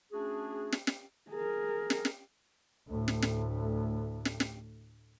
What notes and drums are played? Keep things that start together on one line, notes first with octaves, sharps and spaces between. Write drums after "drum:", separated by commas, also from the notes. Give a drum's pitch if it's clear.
A3 C#4 D4 F#4 G#4
drum: snare
drum: snare
G#4 A#4
drum: snare
drum: snare
D2 A2
drum: snare
drum: snare
drum: snare
drum: snare